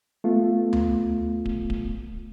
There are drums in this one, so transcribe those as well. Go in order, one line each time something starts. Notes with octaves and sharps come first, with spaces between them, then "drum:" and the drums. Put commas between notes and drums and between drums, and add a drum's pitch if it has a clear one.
A3 B3 F4
drum: tom D2
drum: kick D1
drum: kick D1